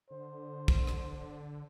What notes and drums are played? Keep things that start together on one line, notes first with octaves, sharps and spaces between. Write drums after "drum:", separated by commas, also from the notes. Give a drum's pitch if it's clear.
D3 C5
drum: kick
drum: rim click